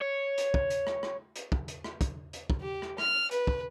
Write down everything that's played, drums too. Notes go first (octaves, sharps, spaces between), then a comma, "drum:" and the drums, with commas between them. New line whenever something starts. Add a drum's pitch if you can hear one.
C#5
drum: hi-hat
drum: kick
drum: hi-hat
drum: rim click
drum: rim click
drum: hi-hat
drum: kick
drum: hi-hat
drum: rim click
drum: kick, hi-hat
drum: hi-hat
drum: kick
G4
drum: rim click
F6, drum: rim click
B4, drum: hi-hat
drum: kick